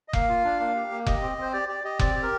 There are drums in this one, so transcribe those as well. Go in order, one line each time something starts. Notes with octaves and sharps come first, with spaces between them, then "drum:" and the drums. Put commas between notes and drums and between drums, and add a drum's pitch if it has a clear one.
D#5
A#3 F5, drum: kick F1
F4
D4
A#3
G4
A#3
G4 D#5, drum: kick F1
C4
C4 C5
G4 D5
G4 D5
G4 D#5
C4 D5, drum: kick F1
G4
A#4